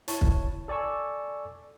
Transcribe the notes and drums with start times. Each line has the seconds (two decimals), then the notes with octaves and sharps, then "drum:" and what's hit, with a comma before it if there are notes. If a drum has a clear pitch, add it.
0.08 E4 C#5 A5, drum: hi-hat
0.21 drum: kick
0.68 A4 D5 G#5 C#6 E6